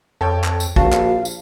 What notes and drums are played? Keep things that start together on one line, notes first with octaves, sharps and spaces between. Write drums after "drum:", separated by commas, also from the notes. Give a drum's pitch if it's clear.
F2 A4 C#5 G5
drum: clap
drum: tambourine
A#1 F#4 F5 A5, drum: kick
drum: clap
drum: tambourine